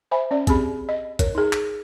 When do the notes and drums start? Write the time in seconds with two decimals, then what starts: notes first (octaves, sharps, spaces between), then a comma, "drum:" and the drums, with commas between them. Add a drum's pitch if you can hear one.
0.11 C5 E5 G#5 B5
0.31 C#4 D5
0.47 C4 G4 G#4 B5, drum: kick, hi-hat
0.89 D#5
1.19 A#4 C#5, drum: kick, hi-hat
1.35 D#4 G#4
1.53 drum: clap